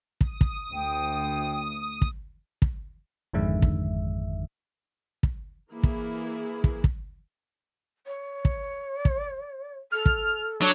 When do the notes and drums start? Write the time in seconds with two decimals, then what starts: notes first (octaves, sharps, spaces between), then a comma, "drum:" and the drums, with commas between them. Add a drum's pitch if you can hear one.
0.21 D#6, drum: kick
0.41 drum: kick
0.74 D2 G5
2.02 drum: kick
2.62 drum: kick
3.33 G#1 F2 D3 D#3 G#3 E5
3.62 drum: kick
5.23 drum: kick
5.72 E3 A#3 E4 G#4
5.83 drum: kick
6.64 drum: kick
6.84 drum: kick
8.06 C#5
8.45 drum: kick
9.05 drum: kick
9.92 A4 F6
10.06 drum: kick
10.62 F#3 D4